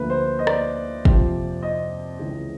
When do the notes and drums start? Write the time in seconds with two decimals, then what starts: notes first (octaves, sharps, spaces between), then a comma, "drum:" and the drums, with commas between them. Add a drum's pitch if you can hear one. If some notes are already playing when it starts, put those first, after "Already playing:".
Already playing: D2 D3 F3 A#3 B4
0.10 C5
0.39 D#5
0.47 D5, drum: rim click
1.05 F2 C3 F3, drum: kick
1.63 D#5
2.19 C#2 C#3 E3 G#3